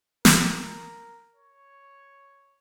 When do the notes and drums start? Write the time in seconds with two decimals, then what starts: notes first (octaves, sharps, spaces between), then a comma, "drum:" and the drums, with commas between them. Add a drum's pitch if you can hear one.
0.25 A#4, drum: snare
1.35 C#5